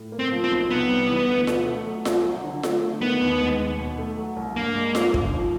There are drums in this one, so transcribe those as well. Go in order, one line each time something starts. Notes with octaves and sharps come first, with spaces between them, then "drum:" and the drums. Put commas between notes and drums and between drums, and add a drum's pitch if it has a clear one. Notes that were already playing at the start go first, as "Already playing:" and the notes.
Already playing: A2
A#3
C4
F3
C4
B1
C3 B3
G3
E3
D2
B2, drum: snare F4
A3
F#3
C2, drum: snare F4
F#3
D3
A3, drum: snare F4
D3
D#3 B3
D#2
G#3
D#2
B2
A3
F#3
C2
G2 A#3
G#3
D#3, drum: snare F4
G1, drum: kick
F3